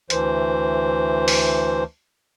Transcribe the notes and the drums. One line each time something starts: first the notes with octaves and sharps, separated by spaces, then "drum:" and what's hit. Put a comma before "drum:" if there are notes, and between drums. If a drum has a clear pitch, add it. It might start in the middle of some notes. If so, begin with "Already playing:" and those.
D2 E3 C5, drum: hi-hat
drum: open hi-hat